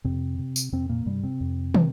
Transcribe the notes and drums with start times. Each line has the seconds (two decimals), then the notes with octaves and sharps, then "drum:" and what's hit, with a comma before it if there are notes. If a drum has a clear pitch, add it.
0.04 F2 C3 C4
0.39 C3
0.56 drum: tambourine
0.73 F2 C3 C4
0.89 A#2 A#3
1.06 G2 C3 G3
1.23 C3 C4
1.40 F2
1.74 C3, drum: tom